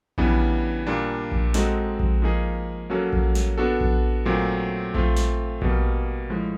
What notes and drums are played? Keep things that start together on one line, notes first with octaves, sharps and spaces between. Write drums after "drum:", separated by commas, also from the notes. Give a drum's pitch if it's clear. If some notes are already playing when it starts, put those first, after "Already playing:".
C#3 E3 G3 B3 D4, drum: kick A#1
A#2 G3 A#3 D4
drum: kick A#1
G#3 C4 D#4 F#4 A4, drum: snare
drum: kick A#1
F3 A#3 D#4 G#4
F#3 A#3 C#4 F#4 A4
drum: kick A#1
drum: snare
B3 D4 F#4 A4
drum: kick A#1
A#2 F#3 A3 C4
A3 C4 F4, drum: kick A#1
drum: snare
B2 G3 A#3, drum: kick A#1
A2 F3 G#3